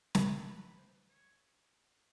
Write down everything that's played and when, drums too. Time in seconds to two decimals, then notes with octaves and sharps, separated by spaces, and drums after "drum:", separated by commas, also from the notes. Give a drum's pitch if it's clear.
0.15 B4 D5, drum: snare
0.78 C5
0.94 B4
1.10 C#5